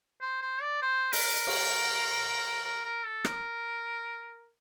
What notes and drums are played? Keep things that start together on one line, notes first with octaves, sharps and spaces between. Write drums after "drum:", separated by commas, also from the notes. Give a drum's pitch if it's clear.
C5
C5
D5
C5
A#4, drum: open hi-hat
drum: cymbal
A#4
A#4
A4
A#4, drum: rim click